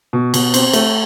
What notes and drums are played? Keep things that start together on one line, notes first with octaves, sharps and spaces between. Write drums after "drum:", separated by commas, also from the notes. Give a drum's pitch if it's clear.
B2
B2, drum: cymbal
C4, drum: cymbal
A3, drum: cymbal